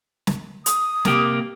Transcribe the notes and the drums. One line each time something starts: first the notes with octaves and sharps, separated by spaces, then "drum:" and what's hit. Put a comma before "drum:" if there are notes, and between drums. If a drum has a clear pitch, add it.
drum: snare
D#6, drum: hi-hat
C3 A#3 G4, drum: snare